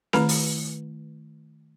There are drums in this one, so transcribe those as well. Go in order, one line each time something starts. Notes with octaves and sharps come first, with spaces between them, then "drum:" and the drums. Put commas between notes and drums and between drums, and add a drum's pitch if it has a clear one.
D#3 A3 E4 B4 A#5, drum: snare C4
drum: open hi-hat